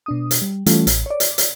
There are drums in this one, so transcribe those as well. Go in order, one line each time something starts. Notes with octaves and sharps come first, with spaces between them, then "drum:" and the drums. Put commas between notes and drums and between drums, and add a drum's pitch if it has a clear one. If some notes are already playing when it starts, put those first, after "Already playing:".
B2 D4 D#6
drum: hi-hat
G3
E3 G3 A3 C#4 F4, drum: hi-hat
A1, drum: hi-hat
C#5 D5
drum: hi-hat
drum: hi-hat